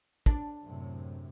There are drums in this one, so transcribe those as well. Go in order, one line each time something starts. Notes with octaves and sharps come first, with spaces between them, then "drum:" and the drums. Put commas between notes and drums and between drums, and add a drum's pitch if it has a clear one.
D4, drum: kick
F#2 A2 C3